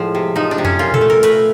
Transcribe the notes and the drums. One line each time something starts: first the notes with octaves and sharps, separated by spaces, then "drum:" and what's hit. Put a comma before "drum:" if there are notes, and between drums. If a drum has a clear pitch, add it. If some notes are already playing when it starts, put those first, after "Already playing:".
Already playing: A2 F3 G#3
C3
F3 D#4
D4
C3
C#4, drum: tom F2
A#2 F4
A4, drum: tom A#2
A3
A#4
A3 B4, drum: hi-hat